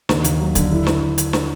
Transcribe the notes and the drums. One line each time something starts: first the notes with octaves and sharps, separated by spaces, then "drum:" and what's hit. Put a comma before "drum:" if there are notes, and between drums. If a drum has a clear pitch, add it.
D#2, drum: snare
D#2, drum: hi-hat
F#3
D3, drum: kick, hi-hat
E4
drum: snare
drum: hi-hat
drum: snare